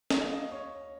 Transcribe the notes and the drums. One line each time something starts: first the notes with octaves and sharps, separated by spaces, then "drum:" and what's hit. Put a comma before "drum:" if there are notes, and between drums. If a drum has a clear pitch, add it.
D#5, drum: snare
F5
D#5
C#5